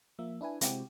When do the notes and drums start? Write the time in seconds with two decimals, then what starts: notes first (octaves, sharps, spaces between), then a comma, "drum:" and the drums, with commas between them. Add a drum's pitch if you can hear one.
0.19 F3 A#3 E5
0.41 D4 E4 B4 G#5
0.61 C3 G#3 C4 E4 F#4 G4, drum: hi-hat